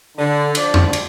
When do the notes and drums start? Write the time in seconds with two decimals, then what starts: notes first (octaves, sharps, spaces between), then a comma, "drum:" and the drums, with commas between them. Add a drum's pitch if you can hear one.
0.17 D3
0.55 F3 D4 D5, drum: cymbal
0.74 drum: tom F2
0.93 drum: cymbal